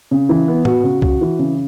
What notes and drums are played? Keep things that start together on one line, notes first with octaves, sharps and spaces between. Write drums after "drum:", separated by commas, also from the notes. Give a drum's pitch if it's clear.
C#3
E3
B3
F#4, drum: tom A2
C#3
F#4, drum: kick C2
E3
C#3